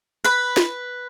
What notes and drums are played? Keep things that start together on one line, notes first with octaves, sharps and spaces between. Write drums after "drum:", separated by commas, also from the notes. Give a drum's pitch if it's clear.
B4 B5
drum: snare